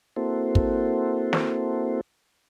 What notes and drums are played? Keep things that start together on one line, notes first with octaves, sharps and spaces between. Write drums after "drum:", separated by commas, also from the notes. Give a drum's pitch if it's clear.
A#3 C4 E4 F#4 A4 C5
drum: kick
drum: snare